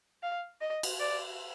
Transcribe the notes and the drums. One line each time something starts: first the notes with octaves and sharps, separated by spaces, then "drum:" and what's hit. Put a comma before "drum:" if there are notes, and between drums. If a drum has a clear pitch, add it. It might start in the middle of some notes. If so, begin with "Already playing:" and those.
F5
D#5
drum: cymbal
D5